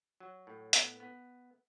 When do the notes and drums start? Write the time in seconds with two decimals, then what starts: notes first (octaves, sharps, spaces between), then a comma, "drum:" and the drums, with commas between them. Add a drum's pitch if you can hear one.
0.20 F#3
0.47 A2
0.73 B3, drum: hi-hat
1.00 B3